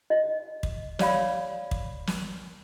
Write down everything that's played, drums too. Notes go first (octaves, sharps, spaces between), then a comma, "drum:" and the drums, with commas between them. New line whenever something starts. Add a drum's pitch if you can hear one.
D#5
drum: kick
C#5 D5 F5 B5, drum: snare
drum: kick
drum: snare